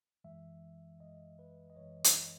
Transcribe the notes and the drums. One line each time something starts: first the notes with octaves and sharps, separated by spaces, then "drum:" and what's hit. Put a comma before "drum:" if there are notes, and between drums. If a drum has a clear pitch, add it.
F#2 E3 G#3 E5
F#2 E3 G#3 D#5
B4
D#5
F#2 E3 G#3 C#5
drum: hi-hat